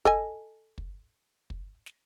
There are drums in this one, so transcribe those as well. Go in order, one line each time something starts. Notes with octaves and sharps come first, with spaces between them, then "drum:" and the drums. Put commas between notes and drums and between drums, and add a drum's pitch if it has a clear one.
A4 D#5 G#5, drum: kick
drum: kick
drum: kick
drum: snare